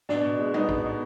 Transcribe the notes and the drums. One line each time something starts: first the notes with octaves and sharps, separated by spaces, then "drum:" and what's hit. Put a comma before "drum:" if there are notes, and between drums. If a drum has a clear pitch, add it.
B2 D4, drum: snare
B2
G#3
B3 D#4, drum: tom G3
B2, drum: kick
B2